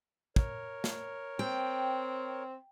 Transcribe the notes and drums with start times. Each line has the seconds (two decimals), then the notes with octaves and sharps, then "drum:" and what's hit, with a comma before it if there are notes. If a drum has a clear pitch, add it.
0.36 A#4 C#5, drum: kick
0.84 drum: snare
1.39 C4 G5